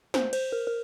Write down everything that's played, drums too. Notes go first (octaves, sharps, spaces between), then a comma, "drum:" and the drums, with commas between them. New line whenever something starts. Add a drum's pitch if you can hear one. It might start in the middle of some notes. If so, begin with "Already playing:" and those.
C5, drum: snare
C5, drum: cymbal
A#4
A#4